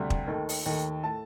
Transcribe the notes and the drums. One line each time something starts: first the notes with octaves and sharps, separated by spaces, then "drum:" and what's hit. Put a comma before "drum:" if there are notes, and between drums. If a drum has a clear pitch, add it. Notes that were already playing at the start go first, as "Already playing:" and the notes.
Already playing: D2 C3 G3
drum: kick
D#2 D#3 A3
drum: open hi-hat
D#2 D#3 A3
A2 A3 A5